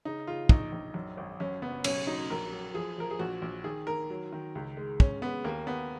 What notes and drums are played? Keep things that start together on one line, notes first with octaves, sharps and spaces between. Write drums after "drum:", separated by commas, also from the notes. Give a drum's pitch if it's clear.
C#3 D#4
C#3 F4
A#1 D#4, drum: kick
A#1
F#2
G#1
F#2 C#4
F#1 B3
B1 C#4, drum: cymbal
F#3 D#4
A#1 A#4
F#3
F3 G#4
F3 A#4
G#4
A#1 F#4
A#1
D#3 G#4
D#3 A#4
F#3
D#3
C#2
G#3
G#3 C#4, drum: kick
G#3 B3
D#2 A#3
D#2 B3